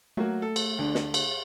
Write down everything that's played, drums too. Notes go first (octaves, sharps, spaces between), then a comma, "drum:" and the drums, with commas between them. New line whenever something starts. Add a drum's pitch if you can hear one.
F#3 A3 A#3 F#4
A4
drum: cymbal
D2 D3
drum: snare
drum: cymbal